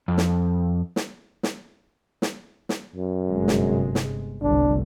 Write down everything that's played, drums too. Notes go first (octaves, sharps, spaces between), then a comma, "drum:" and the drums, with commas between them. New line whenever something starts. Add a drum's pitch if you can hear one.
F2
drum: snare
drum: snare
drum: snare
drum: snare
drum: snare
F#2
G1 C3 G#3
drum: snare
drum: snare
G1 C2 A2 D4